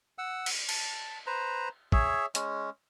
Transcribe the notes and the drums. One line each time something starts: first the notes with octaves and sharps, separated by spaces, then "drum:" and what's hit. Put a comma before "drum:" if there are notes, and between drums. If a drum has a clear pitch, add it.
F#5 E6
drum: cymbal
A5, drum: cymbal
B4 C5 A#5
G#4 C#5 E5, drum: kick
G#3 C#4, drum: hi-hat